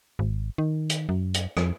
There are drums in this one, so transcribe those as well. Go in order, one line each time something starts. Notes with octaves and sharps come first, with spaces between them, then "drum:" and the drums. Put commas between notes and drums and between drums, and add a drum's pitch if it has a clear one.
G#1
D#3
drum: hi-hat
F#2
drum: hi-hat
F2, drum: rim click